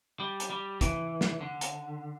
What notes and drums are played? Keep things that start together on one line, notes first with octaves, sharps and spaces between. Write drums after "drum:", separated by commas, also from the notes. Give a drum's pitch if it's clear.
G3
drum: hi-hat
G3
E3, drum: kick, hi-hat
drum: snare
D3
drum: hi-hat